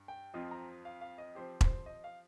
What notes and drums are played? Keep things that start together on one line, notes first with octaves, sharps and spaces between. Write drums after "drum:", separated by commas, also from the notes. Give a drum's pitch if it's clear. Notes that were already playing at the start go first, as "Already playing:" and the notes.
Already playing: G2
G5
F2 F3 C4 F4 D#5
A#5
F5
F5
D#5
F3 C4 G4 C5
C5, drum: kick E1
D#5
F5